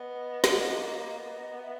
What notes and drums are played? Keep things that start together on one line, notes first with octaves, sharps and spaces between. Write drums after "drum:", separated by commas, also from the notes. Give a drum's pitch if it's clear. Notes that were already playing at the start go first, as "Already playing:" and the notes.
Already playing: B3 D#5
drum: snare
A#3
B3
E5